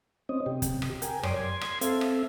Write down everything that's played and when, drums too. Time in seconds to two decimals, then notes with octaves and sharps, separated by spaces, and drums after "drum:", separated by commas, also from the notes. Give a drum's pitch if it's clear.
0.29 C4 C#4 D#5
0.46 C3 G4
0.62 drum: kick, hi-hat
0.82 drum: rim click
1.02 A#4 G5 G#5, drum: hi-hat
1.23 F#2 C#5 D5 C6 D6 D#6, drum: rim click
1.36 C6 G#6
1.61 drum: rim click
1.81 C4 A4 E5 F5, drum: hi-hat
2.01 drum: rim click